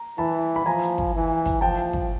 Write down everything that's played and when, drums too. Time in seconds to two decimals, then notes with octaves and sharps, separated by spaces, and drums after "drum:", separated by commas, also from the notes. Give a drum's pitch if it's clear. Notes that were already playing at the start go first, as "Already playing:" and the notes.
Already playing: A#5
0.18 E3 A5 B5
0.56 B5
0.66 F3 G#5 A#5
0.82 drum: hi-hat
0.98 drum: kick
1.14 E3
1.46 drum: kick, hi-hat
1.61 F3 G5 A5
1.93 drum: kick